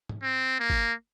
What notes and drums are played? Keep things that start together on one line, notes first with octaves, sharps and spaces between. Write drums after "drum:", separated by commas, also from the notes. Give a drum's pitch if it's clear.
drum: tom G#2
C4
A#3
drum: kick G#1